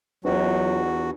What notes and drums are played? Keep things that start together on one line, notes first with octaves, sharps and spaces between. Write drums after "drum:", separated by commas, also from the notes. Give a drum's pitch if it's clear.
E2 F#3 F#4, drum: cymbal